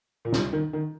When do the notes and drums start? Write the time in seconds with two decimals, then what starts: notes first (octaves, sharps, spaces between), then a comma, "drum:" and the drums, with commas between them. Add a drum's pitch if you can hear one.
0.25 A#2
0.33 C3, drum: snare
0.53 D#3
0.73 D#3